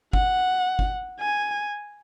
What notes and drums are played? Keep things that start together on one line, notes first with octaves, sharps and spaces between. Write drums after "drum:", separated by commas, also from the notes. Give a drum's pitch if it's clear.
F#5, drum: kick G1
drum: kick G1
G#5